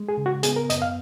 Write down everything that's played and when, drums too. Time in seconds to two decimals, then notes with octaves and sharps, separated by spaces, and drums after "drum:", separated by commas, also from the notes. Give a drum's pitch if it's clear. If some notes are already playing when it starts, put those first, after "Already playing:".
Already playing: G#3
0.09 G#4
0.17 C#3
0.26 F#4
0.43 B3 G#4, drum: hi-hat
0.56 A#4
0.70 F#2 D#5, drum: hi-hat
0.82 F5